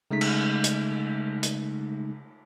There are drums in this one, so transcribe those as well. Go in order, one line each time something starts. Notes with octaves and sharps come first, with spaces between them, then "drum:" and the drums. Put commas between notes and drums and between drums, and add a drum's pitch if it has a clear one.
C#3 G#3 A3 D#4 B6
drum: cymbal
drum: hi-hat
drum: hi-hat